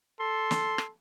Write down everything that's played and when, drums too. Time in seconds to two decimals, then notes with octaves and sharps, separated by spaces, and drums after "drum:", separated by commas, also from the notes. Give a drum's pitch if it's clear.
0.20 A4 C6
0.51 drum: snare
0.78 drum: rim click